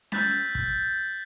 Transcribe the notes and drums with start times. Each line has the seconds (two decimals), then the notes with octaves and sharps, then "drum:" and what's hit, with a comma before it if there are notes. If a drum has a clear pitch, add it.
0.12 E6 F#6 G6 A6 B6, drum: snare C#4
0.55 drum: kick